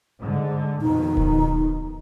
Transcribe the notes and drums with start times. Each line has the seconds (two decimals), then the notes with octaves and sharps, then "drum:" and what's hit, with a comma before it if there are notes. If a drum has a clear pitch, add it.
0.21 G#2 D3 G#3
0.81 F2 B2 D#3 D#4
1.17 drum: kick D1